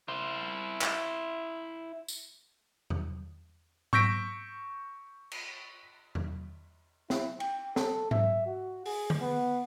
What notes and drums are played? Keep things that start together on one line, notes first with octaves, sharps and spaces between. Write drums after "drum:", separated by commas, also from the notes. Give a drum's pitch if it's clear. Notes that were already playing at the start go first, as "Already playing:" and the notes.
E4 C5
drum: clap
drum: tambourine
drum: tom E2
C#6 E6 G6 A#6 B6 D7, drum: tom G#2
drum: cymbal
drum: tom E2
E4, drum: snare
G5, drum: cymbal
A4, drum: snare
E5, drum: tom G#2
F#4
G#4, drum: open hi-hat
drum: tom D3
B3